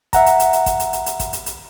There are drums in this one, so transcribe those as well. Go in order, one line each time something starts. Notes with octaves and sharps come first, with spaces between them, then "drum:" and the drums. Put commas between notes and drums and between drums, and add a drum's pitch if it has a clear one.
E5 F#5 A#5, drum: kick, hi-hat
drum: hi-hat
drum: hi-hat
drum: hi-hat
drum: kick, hi-hat
drum: hi-hat
drum: hi-hat
drum: hi-hat
drum: kick, hi-hat
drum: hi-hat
drum: hi-hat